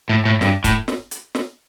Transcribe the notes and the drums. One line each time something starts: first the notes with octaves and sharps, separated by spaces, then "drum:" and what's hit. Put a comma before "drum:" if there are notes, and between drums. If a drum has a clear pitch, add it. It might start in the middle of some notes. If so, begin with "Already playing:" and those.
A2
A2
G2, drum: snare
A2, drum: kick, hi-hat
drum: snare
drum: hi-hat
drum: snare